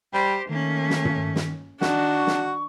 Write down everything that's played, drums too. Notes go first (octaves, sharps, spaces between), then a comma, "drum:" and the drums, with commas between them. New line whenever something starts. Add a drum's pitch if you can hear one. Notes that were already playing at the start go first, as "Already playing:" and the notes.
G3 G4 C5
D#3 A3 A#3 C#4
drum: snare
drum: tom
drum: snare
D#3 D4 F#4 C#6, drum: snare
drum: snare